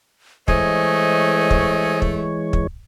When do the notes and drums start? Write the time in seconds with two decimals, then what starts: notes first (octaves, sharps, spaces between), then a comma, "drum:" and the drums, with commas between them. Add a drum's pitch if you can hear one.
0.48 E3 G#3 A3 C5 C#5 D#5 G#5, drum: kick
1.50 drum: kick
2.02 drum: kick
2.53 drum: kick